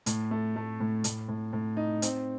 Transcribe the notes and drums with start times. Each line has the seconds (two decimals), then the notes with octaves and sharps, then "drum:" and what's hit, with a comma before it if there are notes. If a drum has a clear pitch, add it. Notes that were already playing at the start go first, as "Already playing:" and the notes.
0.06 A2, drum: hi-hat
0.31 A3
0.56 A3
0.80 A2
1.04 A2, drum: hi-hat
1.28 A2
1.53 A2
1.77 D#4
2.02 C4, drum: hi-hat